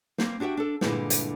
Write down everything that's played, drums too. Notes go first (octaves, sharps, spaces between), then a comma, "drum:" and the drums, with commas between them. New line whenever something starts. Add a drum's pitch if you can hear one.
G3 A#3 C4, drum: snare
D4 F#4 G4 E5 G5
D4 A4
G2 A#2 D3 G3 G#3 E4, drum: snare
drum: hi-hat